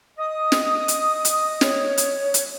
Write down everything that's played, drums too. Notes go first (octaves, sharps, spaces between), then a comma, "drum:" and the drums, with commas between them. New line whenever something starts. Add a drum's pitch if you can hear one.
D#5 D#6
drum: snare
drum: hi-hat
drum: hi-hat
C#5, drum: snare
drum: hi-hat
drum: hi-hat